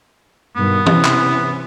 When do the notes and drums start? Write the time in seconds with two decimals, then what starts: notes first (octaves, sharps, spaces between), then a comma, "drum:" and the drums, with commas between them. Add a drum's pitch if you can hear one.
0.56 G2 B2 D#3 B3
0.86 C3 E3 C#4, drum: tom
1.05 drum: clap